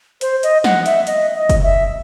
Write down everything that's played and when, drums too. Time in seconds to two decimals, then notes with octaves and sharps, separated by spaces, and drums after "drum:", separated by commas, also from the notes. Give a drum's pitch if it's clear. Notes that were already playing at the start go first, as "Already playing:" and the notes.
0.21 C5, drum: hi-hat
0.43 D#5, drum: hi-hat
0.64 F#5, drum: snare
0.86 E5, drum: hi-hat
1.07 D#5, drum: hi-hat
1.35 D#5
1.49 drum: kick, hi-hat
1.63 E5